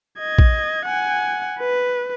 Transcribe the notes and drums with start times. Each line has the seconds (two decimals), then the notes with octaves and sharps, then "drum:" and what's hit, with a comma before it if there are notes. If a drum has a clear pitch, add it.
0.19 D#5 G#6
0.39 drum: kick
0.86 F#5 G#5
1.60 B4